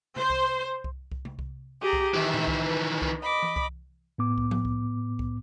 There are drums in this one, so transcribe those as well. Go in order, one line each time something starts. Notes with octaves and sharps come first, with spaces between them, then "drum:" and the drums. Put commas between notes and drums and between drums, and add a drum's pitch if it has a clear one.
C5, drum: tom C3
drum: kick C2
drum: kick C2
drum: kick C2
drum: tom C3
drum: kick C2
G4 G#4 A#5
drum: kick C2
D#3 E3 E5
drum: tom A2
drum: kick C2
B4
drum: kick C2
D#5 B5 D6
drum: tom E3
drum: kick C2
A2 B3 D6
drum: kick C2
drum: tom F3
drum: kick C2
drum: kick C2